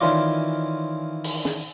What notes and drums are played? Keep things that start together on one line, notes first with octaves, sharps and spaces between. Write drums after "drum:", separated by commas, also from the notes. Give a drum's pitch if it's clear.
D#3 E3 C#4 F4 D5
drum: open hi-hat
drum: snare